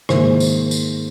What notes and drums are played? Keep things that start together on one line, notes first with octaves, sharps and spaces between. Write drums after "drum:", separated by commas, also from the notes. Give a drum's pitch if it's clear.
G#2 D#3 A#3 C5, drum: rim click
drum: tambourine
drum: tambourine